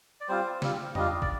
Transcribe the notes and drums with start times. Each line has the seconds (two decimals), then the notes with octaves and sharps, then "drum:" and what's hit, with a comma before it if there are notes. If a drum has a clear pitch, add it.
0.21 D5
0.28 G3 C4 F4 C5
0.62 G3 C4 F4, drum: snare
0.95 G3 D4 F4 D#5, drum: tom E2
1.22 D5, drum: kick